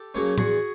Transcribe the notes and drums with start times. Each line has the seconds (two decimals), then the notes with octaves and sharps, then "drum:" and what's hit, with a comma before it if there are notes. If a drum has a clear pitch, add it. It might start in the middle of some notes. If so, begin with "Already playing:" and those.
Already playing: G4 A4
0.14 C#3 F#3 A#3 C#4
0.38 E2 F#4 G#4, drum: tom A2